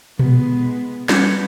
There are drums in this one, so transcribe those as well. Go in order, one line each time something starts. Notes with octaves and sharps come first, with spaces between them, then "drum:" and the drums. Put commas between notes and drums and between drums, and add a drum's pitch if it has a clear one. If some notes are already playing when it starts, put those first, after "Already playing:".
G#3 B3, drum: tom A#2
G3 C#4 B4, drum: snare